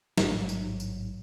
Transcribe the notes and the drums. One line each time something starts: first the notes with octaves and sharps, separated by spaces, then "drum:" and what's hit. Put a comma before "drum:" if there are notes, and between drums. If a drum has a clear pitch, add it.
A1 G#2 F#3, drum: snare
drum: tambourine
drum: tambourine